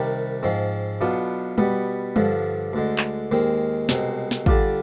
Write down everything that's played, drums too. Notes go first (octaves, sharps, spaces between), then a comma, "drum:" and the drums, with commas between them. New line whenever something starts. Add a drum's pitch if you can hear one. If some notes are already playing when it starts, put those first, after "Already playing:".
Already playing: C2 C3 D#3 G3
G#2 F3 G#3 C4
B1 B2 B3 D4 F4
B2 G3 B3, drum: tom G3
G2 D3 F3, drum: tom G3
D2 D3 G#3
drum: clap
D#2 D#3 G#3 C4
C2 B2 G#3 C4, drum: snare
drum: snare
D3 G3 D4 F4, drum: kick